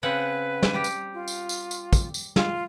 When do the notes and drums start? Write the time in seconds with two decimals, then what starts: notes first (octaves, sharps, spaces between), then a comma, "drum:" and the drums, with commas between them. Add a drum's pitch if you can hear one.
0.03 C#3 C4 B4 F#5
0.63 drum: snare
0.74 G3 G4
0.84 drum: tambourine
1.14 F4
1.28 drum: tambourine
1.49 drum: tambourine
1.71 drum: tambourine
1.93 drum: kick, tambourine
2.14 drum: tambourine
2.36 F4, drum: snare